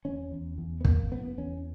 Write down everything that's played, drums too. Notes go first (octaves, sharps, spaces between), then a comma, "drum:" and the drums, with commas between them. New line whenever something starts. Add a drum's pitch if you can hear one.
E2 C#4
E2
E2
B3
E2 A#3, drum: kick
F#1 B3
E2 C#4